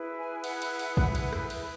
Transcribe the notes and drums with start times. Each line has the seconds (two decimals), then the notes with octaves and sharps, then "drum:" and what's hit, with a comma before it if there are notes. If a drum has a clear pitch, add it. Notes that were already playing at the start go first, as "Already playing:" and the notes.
Already playing: E4 G#4 B4
0.17 G#5
0.44 F#5, drum: cymbal
0.62 drum: cymbal
0.79 drum: cymbal
0.97 drum: kick
1.15 drum: cymbal
1.33 drum: rim click
1.50 E5, drum: cymbal